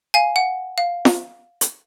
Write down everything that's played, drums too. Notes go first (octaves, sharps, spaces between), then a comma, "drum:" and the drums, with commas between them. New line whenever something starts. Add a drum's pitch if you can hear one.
F5 G#5
F#5
F5
drum: snare
drum: hi-hat